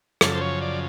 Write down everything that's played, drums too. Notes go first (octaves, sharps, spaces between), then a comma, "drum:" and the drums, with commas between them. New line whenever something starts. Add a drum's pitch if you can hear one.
F#2 C#3 F3 A4, drum: rim click
C5
C#5
D5